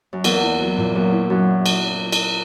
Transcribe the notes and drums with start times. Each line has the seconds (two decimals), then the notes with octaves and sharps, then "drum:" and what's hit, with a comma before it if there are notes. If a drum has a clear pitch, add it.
0.13 F#2
0.24 E2 A#3, drum: cymbal
0.42 E4
0.60 F#3
0.77 A#2
0.95 F#2 A#3
1.12 E4
1.30 F#2 F#3
1.66 drum: cymbal
2.12 drum: cymbal